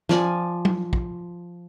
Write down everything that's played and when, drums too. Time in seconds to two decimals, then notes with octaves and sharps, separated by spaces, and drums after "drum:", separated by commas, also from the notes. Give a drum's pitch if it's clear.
0.09 F3 D5 G#5, drum: snare
0.65 drum: tom
0.93 drum: kick